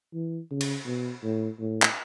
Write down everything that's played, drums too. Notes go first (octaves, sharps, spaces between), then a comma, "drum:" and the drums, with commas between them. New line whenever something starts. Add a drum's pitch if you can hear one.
E3
C#3
drum: cymbal
B2
A2
A2
drum: clap